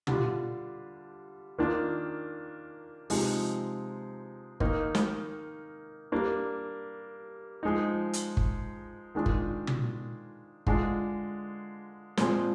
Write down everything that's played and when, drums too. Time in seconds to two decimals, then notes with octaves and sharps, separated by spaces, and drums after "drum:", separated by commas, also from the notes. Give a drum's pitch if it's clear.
0.07 D3 G3 D4 F4, drum: tom
1.58 D#3 A#3 D4 F4
3.10 C3 F3 G#3 D#4, drum: open hi-hat
4.60 D#3 A#3 D#4, drum: kick G1
4.95 drum: snare
6.12 G3 A#3 D4
7.63 F3 G#3 D#4
8.13 drum: hi-hat
8.37 drum: kick G1
9.15 D#3 G#3 D4 F4
9.26 drum: kick G1
9.67 drum: tom
10.67 D3 G#3 D4 F4, drum: kick G1
12.17 A#2 F3 G#3 C4, drum: snare